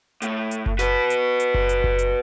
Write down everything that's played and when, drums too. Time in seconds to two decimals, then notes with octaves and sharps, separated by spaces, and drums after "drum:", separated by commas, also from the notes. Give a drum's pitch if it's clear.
0.22 A2, drum: hi-hat
0.51 drum: hi-hat
0.66 drum: kick F#1
0.79 F#4 B4, drum: snare
1.10 drum: hi-hat
1.40 drum: hi-hat
1.54 drum: kick F#1
1.69 drum: hi-hat
1.84 drum: kick F#1
1.99 drum: hi-hat